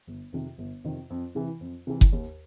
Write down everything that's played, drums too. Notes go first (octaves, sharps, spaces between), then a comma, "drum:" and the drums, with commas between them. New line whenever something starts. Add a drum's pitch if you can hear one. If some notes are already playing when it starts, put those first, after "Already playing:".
G1
F2 C3 D#3
G1
F2 C3 D#3
F2
C3 E3
F2
C3 E3
drum: kick F#1
D#2